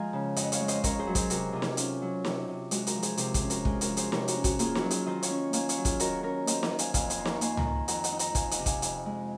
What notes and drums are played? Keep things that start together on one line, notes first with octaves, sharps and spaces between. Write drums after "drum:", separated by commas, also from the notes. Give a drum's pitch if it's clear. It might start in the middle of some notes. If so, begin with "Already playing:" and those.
Already playing: F3 G#3 D#5 F5 G#5 A#5
C#3
F2 D#5 F#5, drum: hi-hat
C#5 F5, drum: hi-hat
G#3
C5 D#5, drum: hi-hat
C#4 A#4 C#5, drum: kick, hi-hat
G#4 C5
F#3
G#4 C5, drum: kick, hi-hat
C3 F#4 A#4, drum: hi-hat
C3 F4 G#4
drum: snare
C#4 F4, drum: hi-hat
F#3
C3, drum: snare
C3
G#3 F#4, drum: hi-hat
F#4 A#4, drum: hi-hat
F3
G#4 C5, drum: hi-hat
C3 G#4 C5, drum: hi-hat
G#4 C5, drum: kick, hi-hat
C#4
F#4 A#4, drum: hi-hat
G#3 F4 G#4, drum: kick
F#4 A#4, drum: hi-hat
F3
G#4 C5, drum: hi-hat
C3 A#4 C#5, drum: snare
F#4 A#4, drum: hi-hat
C#4
F#4, drum: kick, hi-hat
A#3 F4 G#4, drum: hi-hat
F#4, drum: snare
F#3
F4 G#4, drum: hi-hat
D#3 C5 D#5
C#5 F5, drum: hi-hat
C#4
A#3 F5 G#5, drum: hi-hat
C#5 F5, drum: hi-hat
F#3
F4 G#4, drum: kick, hi-hat
D#3 F#4 A#4, drum: hi-hat
C#4 A#4 C#5
A#3 C5 D#5, drum: hi-hat
D#5 F#5, drum: snare
D#3
F5 G#5, drum: hi-hat
F2 F5 G#5, drum: kick, hi-hat
G#5 C6, drum: hi-hat
D#4
A#5 C#6, drum: snare
A#3 G#5 C6, drum: hi-hat
F#5 A#5, drum: tom C#2
D#3
F2 F#5 A#5, drum: hi-hat
D#5 F#5, drum: hi-hat
D#4
F#5 A#5, drum: hi-hat
D#3 F5 G#5, drum: kick, hi-hat
D#5 F#5, drum: hi-hat
C3
F5 G#5, drum: kick, hi-hat
F2, drum: hi-hat
G#3